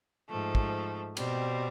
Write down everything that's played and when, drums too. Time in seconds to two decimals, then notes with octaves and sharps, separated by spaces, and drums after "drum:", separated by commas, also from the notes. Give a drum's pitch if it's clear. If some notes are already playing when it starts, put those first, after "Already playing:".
0.30 G#2 F3 A3
0.55 drum: kick
1.17 B2 G3 C4, drum: cymbal